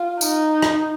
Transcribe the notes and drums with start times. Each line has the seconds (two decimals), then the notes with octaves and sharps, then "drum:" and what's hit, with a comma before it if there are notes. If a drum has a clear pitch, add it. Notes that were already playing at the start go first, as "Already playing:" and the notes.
Already playing: F4
0.21 D#4, drum: tambourine
0.62 drum: rim click